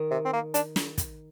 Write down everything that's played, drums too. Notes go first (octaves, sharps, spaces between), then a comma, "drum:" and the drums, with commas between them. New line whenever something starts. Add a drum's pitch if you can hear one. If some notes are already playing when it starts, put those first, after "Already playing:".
Already playing: D#3
C3
C4
A#3
D4, drum: hi-hat
drum: snare
drum: kick, hi-hat